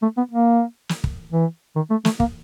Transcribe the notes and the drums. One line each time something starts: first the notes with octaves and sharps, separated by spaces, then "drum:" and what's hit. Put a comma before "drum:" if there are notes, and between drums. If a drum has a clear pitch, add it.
A3
B3
A#3
drum: snare
drum: kick
E3
D#3
A3
A3, drum: snare
A#3, drum: kick